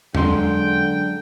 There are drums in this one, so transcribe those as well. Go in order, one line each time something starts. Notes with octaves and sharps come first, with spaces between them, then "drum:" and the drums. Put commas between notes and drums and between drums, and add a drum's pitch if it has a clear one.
F#2 D3 G#3 G5 C6, drum: tom E2